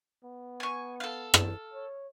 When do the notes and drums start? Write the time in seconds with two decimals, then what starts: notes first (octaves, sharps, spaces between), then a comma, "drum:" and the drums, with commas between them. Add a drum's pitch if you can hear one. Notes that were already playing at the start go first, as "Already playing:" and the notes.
0.24 B3
0.60 G#5 C#6
1.00 A4 F5
1.34 drum: rim click
1.73 C#5